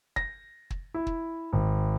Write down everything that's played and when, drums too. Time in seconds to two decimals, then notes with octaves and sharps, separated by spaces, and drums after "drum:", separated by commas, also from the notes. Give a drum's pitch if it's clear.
0.16 A#6, drum: kick
0.70 drum: kick
0.94 E4
1.07 drum: kick
1.53 G#1